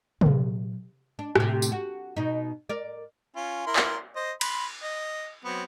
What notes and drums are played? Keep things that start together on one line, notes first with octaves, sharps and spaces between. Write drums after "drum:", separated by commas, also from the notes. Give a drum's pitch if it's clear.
A#2 F#3, drum: tom
D4
A2 C3, drum: rim click
drum: tambourine
F#4
B2 D#4
A#4 D5
C#4 F4
E4 A#4 C6
drum: clap
C5 D#5
B5 C6, drum: cymbal
D#5
F#3 B3 C4